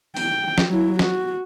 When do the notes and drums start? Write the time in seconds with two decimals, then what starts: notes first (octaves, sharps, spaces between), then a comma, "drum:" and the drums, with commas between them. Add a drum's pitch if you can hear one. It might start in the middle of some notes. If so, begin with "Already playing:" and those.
0.17 G5, drum: open hi-hat
0.58 drum: snare
0.70 F#3 E4
0.99 F#4, drum: snare